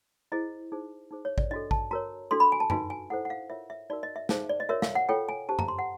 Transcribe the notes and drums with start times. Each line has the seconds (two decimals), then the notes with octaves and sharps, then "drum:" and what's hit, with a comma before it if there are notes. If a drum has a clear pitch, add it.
0.32 E4 G#4 C5 D#5
0.72 D#4 G#4 C5
1.11 D#4 G#4 C5
1.25 C#5
1.38 D5, drum: kick A1
1.51 D4 F#4 A4 D#5
1.71 A5, drum: kick A1
1.91 F#4 A#4 C#5 A#5
2.31 D4 F#4 A4 C6
2.40 B5
2.52 G#5
2.60 A5
2.70 D#4 F#4 B4 G#5, drum: tom F#2
2.90 G#5
3.10 E4 A4 C5 F#5
3.25 F#5
3.30 F5
3.49 F4 A#4 C#5 E5
3.70 E5
3.90 D#4 F#4 A#4 D5
4.03 D#5
4.16 E5
4.29 D#4 G#4 C5 F5, drum: snare
4.49 D5
4.60 D#5
4.69 F#4 A#4 C#5 E5
4.82 F5, drum: snare
4.95 F#5
5.09 F4 A4 C#5 G5
5.29 G#5
5.49 D4 G4 C5 A5
5.59 A#5, drum: tom F#2
5.68 C6
5.79 F#5